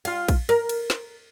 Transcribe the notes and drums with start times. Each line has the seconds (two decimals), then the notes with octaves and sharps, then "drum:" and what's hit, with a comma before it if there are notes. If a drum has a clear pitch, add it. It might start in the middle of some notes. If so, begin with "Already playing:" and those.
0.05 F4 F5, drum: cymbal
0.28 drum: kick A#1, cymbal
0.49 A#4, drum: cymbal
0.69 drum: cymbal
0.90 drum: snare